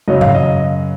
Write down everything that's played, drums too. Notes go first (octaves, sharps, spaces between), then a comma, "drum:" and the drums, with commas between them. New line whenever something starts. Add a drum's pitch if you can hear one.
F#2 C#3 F#3 D#5
F5, drum: tom G2
D#5